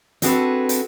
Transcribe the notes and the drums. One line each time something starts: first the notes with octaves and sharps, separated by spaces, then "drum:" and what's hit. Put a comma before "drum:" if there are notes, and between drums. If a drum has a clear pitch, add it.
C4 D4 F#4 G#4 A4 B4, drum: hi-hat
drum: hi-hat